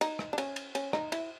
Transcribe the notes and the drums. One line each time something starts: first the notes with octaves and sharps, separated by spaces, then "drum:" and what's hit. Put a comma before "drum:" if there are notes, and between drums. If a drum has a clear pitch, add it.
D#4, drum: cymbal
drum: rim click
D4
C#4, drum: cymbal
drum: cymbal
C#4, drum: cymbal
D#4, drum: rim click
E4, drum: cymbal